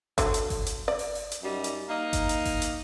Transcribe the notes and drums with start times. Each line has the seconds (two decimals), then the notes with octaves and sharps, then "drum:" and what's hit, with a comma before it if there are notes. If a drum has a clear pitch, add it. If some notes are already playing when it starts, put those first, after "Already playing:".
0.18 D3 F#3, drum: kick G1, hi-hat
0.34 drum: hi-hat
0.50 drum: kick G1, open hi-hat
0.66 drum: hi-hat
0.88 D5
0.99 drum: open hi-hat
1.15 drum: open hi-hat
1.32 drum: hi-hat
1.43 F#2 G3 D#4
1.64 drum: hi-hat
1.89 A#3 D#4
2.13 drum: kick G1, hi-hat
2.29 drum: hi-hat
2.45 drum: kick G1, open hi-hat
2.62 drum: hi-hat